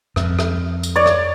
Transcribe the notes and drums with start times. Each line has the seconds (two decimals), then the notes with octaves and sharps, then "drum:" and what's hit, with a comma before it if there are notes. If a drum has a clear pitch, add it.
0.16 F2, drum: rim click
0.39 drum: rim click
0.83 drum: tambourine
0.96 C#5 D5
1.06 drum: rim click